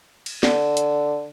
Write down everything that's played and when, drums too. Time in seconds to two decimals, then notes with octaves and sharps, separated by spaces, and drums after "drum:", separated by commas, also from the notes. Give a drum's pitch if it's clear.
0.26 drum: cymbal
0.43 D3, drum: snare
0.77 drum: hi-hat